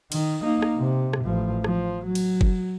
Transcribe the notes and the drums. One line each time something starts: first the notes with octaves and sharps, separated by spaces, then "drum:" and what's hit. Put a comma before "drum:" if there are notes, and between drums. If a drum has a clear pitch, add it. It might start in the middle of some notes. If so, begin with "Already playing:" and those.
D#3, drum: cymbal
A#3 D#4
drum: rim click
C3
drum: rim click
A1 F3
F3, drum: rim click
F#3
drum: cymbal
drum: kick F#1